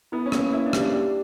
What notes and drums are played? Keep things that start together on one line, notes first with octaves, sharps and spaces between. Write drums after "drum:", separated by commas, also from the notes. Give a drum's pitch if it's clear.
B3 E4
C#4
A#3, drum: rim click
A#3 E4
D4
G4, drum: rim click
D4
G4